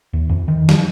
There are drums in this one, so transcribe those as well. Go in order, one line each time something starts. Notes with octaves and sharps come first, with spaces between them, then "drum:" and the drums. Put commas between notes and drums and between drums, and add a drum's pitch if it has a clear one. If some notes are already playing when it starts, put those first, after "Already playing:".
D#2
F2
D#3
F3, drum: snare